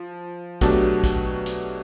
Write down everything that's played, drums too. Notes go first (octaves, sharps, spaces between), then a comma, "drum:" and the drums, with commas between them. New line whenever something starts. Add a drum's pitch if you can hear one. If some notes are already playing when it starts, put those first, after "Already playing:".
Already playing: F3
B2 F#3 A3 D4 G4, drum: kick, hi-hat
drum: kick, hi-hat
drum: hi-hat